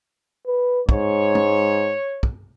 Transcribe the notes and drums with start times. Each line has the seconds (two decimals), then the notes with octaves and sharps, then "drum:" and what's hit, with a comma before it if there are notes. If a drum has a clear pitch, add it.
0.47 B4
0.89 G#2 C#5, drum: kick
1.35 drum: tom
2.23 drum: kick